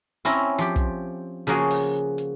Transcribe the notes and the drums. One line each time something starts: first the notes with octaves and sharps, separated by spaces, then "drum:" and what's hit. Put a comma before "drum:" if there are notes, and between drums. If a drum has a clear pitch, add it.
C4 C#4 E4 A5 A#5
F3 G4
drum: kick, hi-hat
C#3 F3 A#3 F#4 G#4, drum: hi-hat
drum: open hi-hat
drum: hi-hat